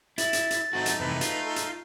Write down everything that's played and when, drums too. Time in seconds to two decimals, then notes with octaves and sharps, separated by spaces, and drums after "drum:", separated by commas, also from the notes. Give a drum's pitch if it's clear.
0.18 E4 A6, drum: hi-hat
0.33 drum: hi-hat
0.51 drum: hi-hat
0.73 F#3 A3 C4 D#4 F#4
0.86 drum: hi-hat
1.00 F2 C3 E3 B4
1.21 F4, drum: hi-hat
1.44 A4
1.56 drum: hi-hat